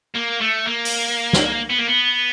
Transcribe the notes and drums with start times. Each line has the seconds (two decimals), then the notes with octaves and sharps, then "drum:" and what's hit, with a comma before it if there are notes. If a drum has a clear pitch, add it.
0.15 A#3
0.41 A3
0.66 A#3
0.85 drum: open hi-hat
1.33 drum: snare
1.70 B3
1.78 A#3
1.87 B3